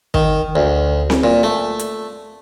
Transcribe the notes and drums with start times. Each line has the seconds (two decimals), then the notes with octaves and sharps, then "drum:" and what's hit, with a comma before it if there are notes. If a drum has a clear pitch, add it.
0.14 D#3, drum: kick
0.56 D2
1.10 drum: snare C4
1.24 A#2
1.43 A3
1.79 drum: hi-hat